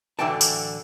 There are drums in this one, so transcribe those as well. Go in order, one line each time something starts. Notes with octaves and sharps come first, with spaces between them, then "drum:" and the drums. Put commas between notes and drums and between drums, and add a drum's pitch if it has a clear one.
A2 D3 E3 F#3 G5 A5
drum: tambourine